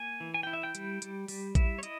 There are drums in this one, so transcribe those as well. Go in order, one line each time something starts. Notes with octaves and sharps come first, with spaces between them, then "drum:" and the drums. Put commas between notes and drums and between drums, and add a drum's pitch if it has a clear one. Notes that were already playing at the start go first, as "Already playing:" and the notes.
Already playing: A#3 G#5
E3
G#5
E4 G5
E5
G5
G3, drum: hi-hat
G3, drum: hi-hat
G3, drum: open hi-hat
E4 E5, drum: kick A1, hi-hat
C#5
E4 D#5, drum: hi-hat